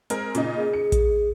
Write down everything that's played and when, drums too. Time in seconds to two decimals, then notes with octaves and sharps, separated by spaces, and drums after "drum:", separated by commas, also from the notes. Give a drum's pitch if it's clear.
0.10 G#3 C4 A#4, drum: hi-hat
0.35 A#2 C#3 D#4, drum: hi-hat
0.56 G#4
0.73 C#7
0.92 drum: kick A#1, hi-hat